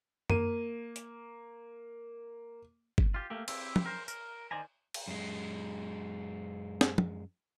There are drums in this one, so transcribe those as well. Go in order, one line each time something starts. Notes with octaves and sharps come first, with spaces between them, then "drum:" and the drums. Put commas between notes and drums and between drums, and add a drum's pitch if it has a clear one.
A#3 D#7, drum: tom
drum: hi-hat
drum: kick G1
F4 G4
A3 A#3 G4
C4 E4 G4, drum: cymbal
drum: tom
A#4 C5
A#4, drum: tambourine
D#3 C5 D5 G#5 A#5
drum: cymbal
F#2 G#3
drum: snare
drum: tom